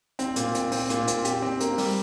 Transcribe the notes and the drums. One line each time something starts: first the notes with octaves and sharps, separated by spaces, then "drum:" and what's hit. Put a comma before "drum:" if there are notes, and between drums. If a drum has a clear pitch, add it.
C4, drum: hi-hat
A#2, drum: hi-hat
C4, drum: hi-hat
C4, drum: open hi-hat
A#2, drum: hi-hat
C4, drum: hi-hat
G4, drum: hi-hat
C4
A#3, drum: hi-hat
G3, drum: open hi-hat